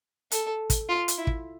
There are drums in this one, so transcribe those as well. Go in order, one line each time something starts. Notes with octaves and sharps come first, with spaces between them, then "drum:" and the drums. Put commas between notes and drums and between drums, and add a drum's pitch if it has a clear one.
A4, drum: hi-hat
drum: kick, hi-hat
F4
drum: hi-hat
E4
drum: kick